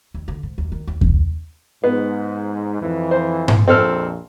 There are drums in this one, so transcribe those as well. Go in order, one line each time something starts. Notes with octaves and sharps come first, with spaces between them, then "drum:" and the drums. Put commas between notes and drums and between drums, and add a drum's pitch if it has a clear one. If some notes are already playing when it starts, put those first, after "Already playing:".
D#2
D3
G#2
D#2
D#3
D#2
C2, drum: kick E2
G#2 B3
F2 E3
C5
drum: tom G#2
A#1 F2 C4 A4 F6